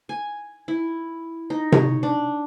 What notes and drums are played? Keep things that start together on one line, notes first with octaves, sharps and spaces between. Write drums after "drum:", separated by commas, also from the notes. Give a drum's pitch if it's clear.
G#5
E4
D#4
C#5, drum: tom C3
D4